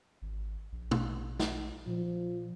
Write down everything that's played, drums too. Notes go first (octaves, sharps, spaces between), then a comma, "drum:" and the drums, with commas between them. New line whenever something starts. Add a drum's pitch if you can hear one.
G#1
A#1
drum: tom
drum: snare
A#2 F3